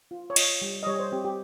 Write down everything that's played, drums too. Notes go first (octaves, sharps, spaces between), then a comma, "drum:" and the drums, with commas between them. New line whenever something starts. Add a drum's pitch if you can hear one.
F4
C#5
F4 D#5, drum: cymbal
G3
D#5
G3 C#5
C5
C4 G4
G4